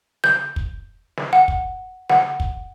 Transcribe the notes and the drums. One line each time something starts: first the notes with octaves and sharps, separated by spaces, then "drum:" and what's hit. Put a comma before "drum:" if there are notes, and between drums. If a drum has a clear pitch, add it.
G6, drum: snare
drum: kick
drum: snare
F#5
drum: kick
F#5, drum: snare
drum: kick